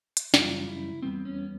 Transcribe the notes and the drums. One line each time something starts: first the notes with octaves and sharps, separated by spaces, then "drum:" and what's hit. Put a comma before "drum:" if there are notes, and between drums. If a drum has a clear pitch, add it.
drum: hi-hat
F#2 C#3 E3 G3 F4, drum: snare
E4
E2 B2 G3 B3 C4
C#4